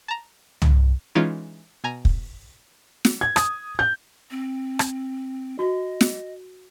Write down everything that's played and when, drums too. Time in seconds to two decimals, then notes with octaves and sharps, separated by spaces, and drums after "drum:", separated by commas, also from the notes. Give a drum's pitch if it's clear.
0.08 A5 A#5
0.62 drum: tom
1.15 E3 G#3 C#4 D#4 F4
1.84 B2 G#5 A#5
2.05 drum: kick
3.05 drum: snare
3.21 G#6
3.36 D#6, drum: rim click
3.79 G6
4.31 C4
4.79 drum: rim click
5.59 F#4 D#5
6.01 drum: snare